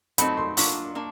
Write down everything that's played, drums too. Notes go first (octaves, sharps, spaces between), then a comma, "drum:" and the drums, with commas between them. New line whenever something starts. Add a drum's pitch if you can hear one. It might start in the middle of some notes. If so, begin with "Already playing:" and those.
F#3 A3 C4 D#4 B5, drum: hi-hat
C6
F#3 A#3 D4 F4 C#6, drum: open hi-hat
A#3 D4